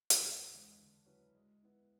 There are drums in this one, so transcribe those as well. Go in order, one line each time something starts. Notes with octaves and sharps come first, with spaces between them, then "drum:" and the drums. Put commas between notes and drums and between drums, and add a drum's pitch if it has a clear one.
drum: hi-hat
E2
C#3 E3 G#3
D3
F#3 C#4 E4 B4
G#3
B3 E4